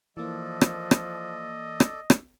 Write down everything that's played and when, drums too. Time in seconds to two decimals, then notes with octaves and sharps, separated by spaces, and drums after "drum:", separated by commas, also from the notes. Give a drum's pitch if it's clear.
0.17 E3 F3 A#3 A4 D5 D#5
0.61 drum: rim click
0.91 drum: rim click
1.80 drum: rim click
2.10 drum: rim click